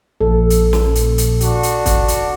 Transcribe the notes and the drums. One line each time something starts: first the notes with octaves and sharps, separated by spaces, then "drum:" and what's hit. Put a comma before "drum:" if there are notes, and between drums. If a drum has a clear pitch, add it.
A#1 A4
drum: hi-hat
drum: snare
drum: hi-hat
drum: hi-hat
D4 F#4, drum: hi-hat
drum: hi-hat
drum: kick, hi-hat
drum: hi-hat